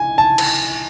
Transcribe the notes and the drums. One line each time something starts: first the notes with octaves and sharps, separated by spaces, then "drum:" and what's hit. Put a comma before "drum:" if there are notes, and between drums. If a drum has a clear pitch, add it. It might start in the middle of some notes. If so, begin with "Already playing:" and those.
Already playing: G#5
A5
drum: cymbal